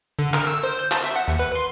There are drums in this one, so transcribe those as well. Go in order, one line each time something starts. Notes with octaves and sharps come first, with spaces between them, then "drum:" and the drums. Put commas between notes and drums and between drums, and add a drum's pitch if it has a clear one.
D3
A#4, drum: clap
E6
C5
G6
A5, drum: clap
E5
F#5
D#2
B4
C6